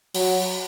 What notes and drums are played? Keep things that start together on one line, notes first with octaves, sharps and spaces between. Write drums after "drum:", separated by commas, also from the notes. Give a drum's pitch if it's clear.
F#3, drum: open hi-hat